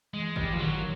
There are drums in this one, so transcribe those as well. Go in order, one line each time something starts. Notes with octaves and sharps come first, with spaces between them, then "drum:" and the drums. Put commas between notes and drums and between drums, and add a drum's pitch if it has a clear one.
E3 G#3
E3 G3, drum: kick G#1
F3, drum: tom
D#3 F#3